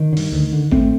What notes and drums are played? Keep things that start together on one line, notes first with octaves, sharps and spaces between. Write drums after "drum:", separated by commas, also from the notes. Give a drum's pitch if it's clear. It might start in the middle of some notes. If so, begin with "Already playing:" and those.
Already playing: D#3
D3
G2, drum: open hi-hat
D2
D3
A#1 A3 C4, drum: kick G#1